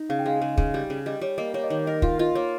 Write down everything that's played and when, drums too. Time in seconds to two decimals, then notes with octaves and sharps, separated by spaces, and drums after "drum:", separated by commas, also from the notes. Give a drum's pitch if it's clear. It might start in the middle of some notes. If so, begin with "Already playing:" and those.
Already playing: D#4
0.09 C#3 F5
0.19 G5
0.26 G#3 F5
0.42 C#3
0.58 C#3, drum: kick
0.74 G3
0.90 C#3
1.06 G3 D#5
1.21 G3 C#5
1.38 A#3 D#5
1.54 A#3 C#5
1.63 D#5
1.70 D#3 C#5
1.86 A#4 D#5
2.02 F4 F5, drum: kick
2.19 F4 D#5
2.35 A#3 C#5